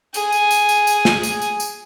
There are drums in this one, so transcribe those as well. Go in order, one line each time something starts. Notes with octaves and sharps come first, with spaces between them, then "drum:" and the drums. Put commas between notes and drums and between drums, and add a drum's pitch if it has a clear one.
G#4 G#5, drum: tambourine
drum: tambourine
drum: tambourine
drum: tambourine
drum: tambourine
drum: snare
drum: tambourine
drum: tambourine
drum: tambourine